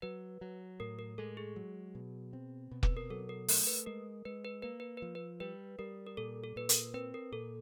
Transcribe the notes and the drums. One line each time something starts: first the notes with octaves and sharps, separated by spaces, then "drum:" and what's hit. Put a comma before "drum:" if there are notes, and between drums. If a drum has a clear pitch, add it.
F#3 B4
F#3
A2 A#4
A#4
G#3 A4
G#4
F#3
B2
C4
B2
B4, drum: kick
A#4
F#3 A4
A#4
A3 A#4, drum: open hi-hat
B4
G#3 A#4
G#3 B4
B4
A#3 B4
B4
B4
F3
B4
G3 B4
G3 A#4
A#4
A#2 A4
A4
A#2 B4
A#4, drum: hi-hat
C4 B4
A#4
A#2 A4